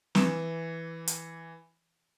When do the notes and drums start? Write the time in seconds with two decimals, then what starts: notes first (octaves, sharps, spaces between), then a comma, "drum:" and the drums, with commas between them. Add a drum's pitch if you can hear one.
0.15 E3 E7, drum: snare
1.07 drum: hi-hat